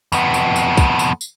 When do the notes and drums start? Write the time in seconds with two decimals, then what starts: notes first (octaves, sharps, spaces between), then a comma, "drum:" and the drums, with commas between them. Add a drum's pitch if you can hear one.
0.12 F2 B3, drum: tambourine
0.34 drum: tambourine
0.56 drum: tambourine
0.77 drum: kick, tambourine
0.99 drum: tambourine
1.21 drum: tambourine